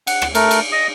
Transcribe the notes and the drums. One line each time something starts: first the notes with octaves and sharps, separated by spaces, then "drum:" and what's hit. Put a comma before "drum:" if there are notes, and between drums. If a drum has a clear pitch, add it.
F#5, drum: cymbal
drum: rim click
A3 A#4, drum: cymbal
drum: cymbal
D#5 D#6